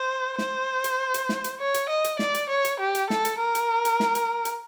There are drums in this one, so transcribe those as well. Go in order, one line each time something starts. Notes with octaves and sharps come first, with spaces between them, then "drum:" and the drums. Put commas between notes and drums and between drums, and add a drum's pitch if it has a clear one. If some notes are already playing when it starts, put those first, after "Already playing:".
Already playing: C5
C5, drum: snare
drum: hi-hat
drum: hi-hat
drum: snare
drum: hi-hat
C#5
drum: hi-hat
D#5
drum: hi-hat
D5, drum: snare
drum: hi-hat
C#5
drum: hi-hat
G4
drum: hi-hat
A4, drum: snare
drum: hi-hat
A#4
drum: hi-hat
drum: hi-hat
drum: snare
drum: hi-hat
drum: hi-hat